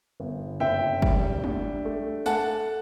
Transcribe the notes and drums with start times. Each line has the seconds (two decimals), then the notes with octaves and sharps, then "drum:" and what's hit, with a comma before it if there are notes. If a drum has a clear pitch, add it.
0.20 G1
0.60 F#1 E5 G5
1.02 G3, drum: kick F#1
1.44 D4, drum: tom
1.85 A3
2.26 A3 F#5 A5, drum: tambourine